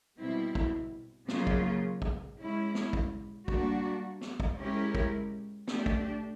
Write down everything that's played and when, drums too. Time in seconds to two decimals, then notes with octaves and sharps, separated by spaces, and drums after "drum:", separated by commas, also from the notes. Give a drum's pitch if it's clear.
0.19 B2 G3 C4 E4
0.55 drum: kick
1.28 C#3 F#3 A#3 C#4 F4, drum: snare
1.47 drum: kick
2.02 drum: kick
2.38 G#3 C#4 E4
2.75 drum: snare
2.93 drum: kick
3.48 G3 A#3 D4 F#4, drum: kick
4.21 drum: snare
4.40 drum: kick
4.58 G#3 C#4 E4 G4 A#4
4.95 drum: kick
5.68 A3 D4 G4, drum: snare
5.86 drum: kick